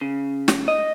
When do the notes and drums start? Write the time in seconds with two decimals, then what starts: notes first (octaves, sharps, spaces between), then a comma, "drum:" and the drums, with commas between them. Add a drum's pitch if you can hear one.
0.01 C#3
0.48 drum: snare
0.68 D#5